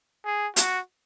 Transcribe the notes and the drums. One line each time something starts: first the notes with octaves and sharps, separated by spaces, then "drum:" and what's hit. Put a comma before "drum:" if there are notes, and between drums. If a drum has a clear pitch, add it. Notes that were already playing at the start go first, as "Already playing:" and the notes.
G#4
F#4, drum: hi-hat